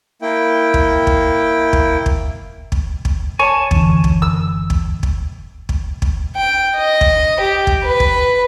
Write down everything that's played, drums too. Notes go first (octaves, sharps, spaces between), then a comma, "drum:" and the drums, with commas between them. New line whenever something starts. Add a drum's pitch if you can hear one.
A#3 E4 G5
drum: kick
drum: kick
drum: kick
drum: kick
drum: kick
drum: kick
C#5 G#5 A5
F#1 D3 E3, drum: kick
drum: kick
E6
drum: kick
drum: kick
drum: kick
drum: kick
G5
D#5
drum: kick
G4
drum: kick
B4
drum: kick